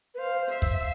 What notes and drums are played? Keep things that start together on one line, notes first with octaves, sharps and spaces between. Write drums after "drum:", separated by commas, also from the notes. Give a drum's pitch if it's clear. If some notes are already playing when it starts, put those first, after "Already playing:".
B4
C5 F5
E5
drum: kick
F5